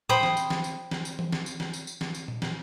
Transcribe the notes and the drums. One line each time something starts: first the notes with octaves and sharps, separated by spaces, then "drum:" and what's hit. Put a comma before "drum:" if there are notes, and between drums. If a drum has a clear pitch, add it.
C5 G5 B5 D#6, drum: tom A2
drum: snare
drum: tambourine
drum: snare
drum: tambourine
drum: snare
drum: tambourine
drum: tom E3
drum: snare
drum: tambourine
drum: snare
drum: tambourine
drum: tambourine
drum: snare
drum: tambourine
drum: tom A#2
drum: snare